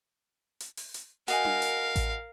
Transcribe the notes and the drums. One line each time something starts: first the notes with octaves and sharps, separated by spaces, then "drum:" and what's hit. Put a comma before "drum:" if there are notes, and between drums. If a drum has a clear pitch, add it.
drum: hi-hat
drum: open hi-hat
drum: hi-hat
F#4 A#4 D#5 F5 G#5, drum: hi-hat
drum: tom D4
drum: hi-hat
drum: kick A1, hi-hat